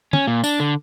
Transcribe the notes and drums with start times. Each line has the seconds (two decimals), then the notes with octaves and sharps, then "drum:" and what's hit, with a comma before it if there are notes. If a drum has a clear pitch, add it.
0.13 C#4, drum: tom
0.27 A#2
0.44 D4, drum: tambourine
0.60 D3